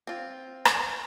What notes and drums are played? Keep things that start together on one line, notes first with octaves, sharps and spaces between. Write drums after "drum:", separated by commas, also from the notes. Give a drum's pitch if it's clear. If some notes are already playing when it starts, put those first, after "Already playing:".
C4 F4
drum: rim click